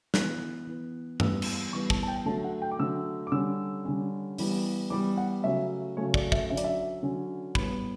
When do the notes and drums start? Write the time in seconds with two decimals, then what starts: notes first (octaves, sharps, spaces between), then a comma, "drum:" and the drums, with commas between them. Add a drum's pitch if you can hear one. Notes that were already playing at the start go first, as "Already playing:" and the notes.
0.14 E3 B3 F#6, drum: snare
0.67 E3 B3
1.20 E3 G3 B3 E6, drum: tom G2
1.42 drum: cymbal
1.73 E3 G3 B3 C#6
1.90 A5, drum: kick
2.03 A5
2.08 G5
2.25 D3 F#3 A3 A5
2.44 F#5
2.62 G5
2.72 D6
2.79 D3 F#3 A3 E6
3.27 D6
3.32 D3 G3 C#4 E6
3.85 D3 G3 C#4
4.38 E3 G3 B3, drum: open hi-hat
4.90 E3 G3 B3 D6
5.17 F#5
5.44 C#3 F#3 A3 C#4 E5
5.97 C#3 F#3 A3 C#4 C#5
6.14 D5, drum: kick
6.32 E5, drum: kick
6.50 D3 F#3 C#4 E5
6.57 D5, drum: hi-hat
6.64 E5
7.03 D3 F#3 C#4
7.55 A2 G3 B3 B5, drum: kick